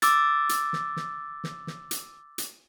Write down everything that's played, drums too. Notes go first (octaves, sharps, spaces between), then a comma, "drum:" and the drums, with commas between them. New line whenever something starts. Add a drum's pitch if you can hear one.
D6 E6 A6, drum: hi-hat
drum: hi-hat
drum: snare
drum: snare
drum: snare
drum: snare
drum: hi-hat
drum: hi-hat